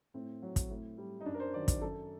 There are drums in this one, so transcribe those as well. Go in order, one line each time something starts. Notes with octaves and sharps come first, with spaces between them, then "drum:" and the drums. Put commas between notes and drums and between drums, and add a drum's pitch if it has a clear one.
A2 C4
F#3
drum: kick, hi-hat
A2
G3
D#4
F#2 D4
A#4
C5
D#3 F#3 D5
drum: kick, hi-hat
F#2 A4